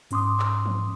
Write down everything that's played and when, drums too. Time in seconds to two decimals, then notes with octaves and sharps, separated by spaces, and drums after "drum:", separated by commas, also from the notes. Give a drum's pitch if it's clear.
0.11 G#2 C#4 C6 D6 D#6, drum: hi-hat
0.40 drum: clap
0.66 drum: tom E3